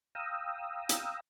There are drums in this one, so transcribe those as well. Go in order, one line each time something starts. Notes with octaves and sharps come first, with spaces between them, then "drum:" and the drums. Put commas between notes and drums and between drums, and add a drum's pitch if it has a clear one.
F5 G5 A#5 D#6 E6
drum: hi-hat